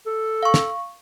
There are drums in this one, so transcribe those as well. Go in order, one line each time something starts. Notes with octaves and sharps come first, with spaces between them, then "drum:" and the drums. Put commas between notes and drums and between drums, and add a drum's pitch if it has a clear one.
A4
F5 C#6
drum: snare